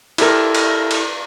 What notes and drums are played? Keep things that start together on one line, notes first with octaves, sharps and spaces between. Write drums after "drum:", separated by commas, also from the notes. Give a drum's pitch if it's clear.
E4 G4 A4 A#4, drum: cymbal
drum: cymbal
drum: cymbal